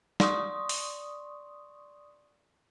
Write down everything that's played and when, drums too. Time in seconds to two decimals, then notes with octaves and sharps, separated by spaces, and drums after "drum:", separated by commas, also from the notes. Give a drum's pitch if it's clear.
0.20 D5 C6 C#6 D#6, drum: snare
0.69 drum: open hi-hat